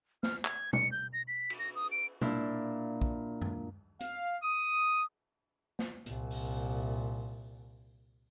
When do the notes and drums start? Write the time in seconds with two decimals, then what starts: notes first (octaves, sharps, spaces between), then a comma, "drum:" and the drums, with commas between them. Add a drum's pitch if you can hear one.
0.23 F6, drum: snare
0.45 G#6, drum: clap
0.73 C#7, drum: tom
0.92 G6
1.13 A#6
1.28 B6
1.50 drum: cymbal
1.59 A#6
1.75 D#6
1.92 D7
2.21 A#2 D4 E4 F4, drum: tom
3.02 drum: kick
3.41 drum: tom F#2
4.00 F5, drum: hi-hat
4.43 D#6
5.79 drum: snare
6.06 C2 A#2, drum: hi-hat
6.30 drum: open hi-hat